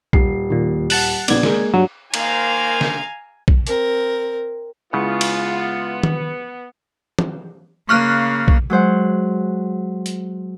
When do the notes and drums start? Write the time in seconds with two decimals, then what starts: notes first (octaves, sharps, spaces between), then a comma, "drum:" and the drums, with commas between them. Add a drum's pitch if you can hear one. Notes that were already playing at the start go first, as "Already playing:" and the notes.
0.13 D#1 C7, drum: kick
0.50 D#2 A#2
0.90 F#5 A5 F#6, drum: open hi-hat
1.28 A#1 B3 D5 G#6, drum: cymbal
1.43 G#3 A#3, drum: snare
1.74 G2 F#3
2.14 D#3 A#3 C5 F5 G#5 A#5, drum: cymbal
2.81 drum: snare
3.48 drum: kick
3.67 C4 A#4, drum: hi-hat
4.93 C#3 G#3 B3 E4 F4 F#5
5.21 drum: cymbal
6.03 drum: tom D#3
7.19 drum: tom
7.89 C#3 A#3 C#6 F6 F#6
8.48 drum: kick
8.70 F#3 G#3 C5 F#5
10.06 drum: hi-hat